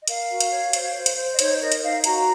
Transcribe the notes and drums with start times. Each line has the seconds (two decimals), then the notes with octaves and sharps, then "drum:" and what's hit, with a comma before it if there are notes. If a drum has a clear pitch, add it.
0.02 D#5
0.08 A#4 F5, drum: hi-hat
0.30 F#4
0.40 drum: hi-hat
0.51 C#5
0.73 C5, drum: hi-hat
0.96 C5
1.06 drum: hi-hat
1.17 C5
1.32 D#5
1.39 D#4 C#5, drum: hi-hat
1.61 A#4 D#5
1.72 drum: hi-hat
1.82 D#4 F5
2.04 F#4 A#5, drum: hi-hat